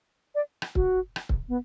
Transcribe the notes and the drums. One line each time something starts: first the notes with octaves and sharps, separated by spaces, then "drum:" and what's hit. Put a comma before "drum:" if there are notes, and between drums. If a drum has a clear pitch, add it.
D5
drum: rim click
F#4, drum: kick C#1
drum: rim click
drum: kick C#1
B3